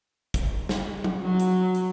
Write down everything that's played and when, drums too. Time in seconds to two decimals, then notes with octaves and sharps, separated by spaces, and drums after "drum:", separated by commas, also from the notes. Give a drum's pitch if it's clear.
0.34 drum: kick, hi-hat
0.69 drum: snare
1.04 drum: tom F#3
1.22 F#3
1.39 drum: hi-hat
1.75 drum: hi-hat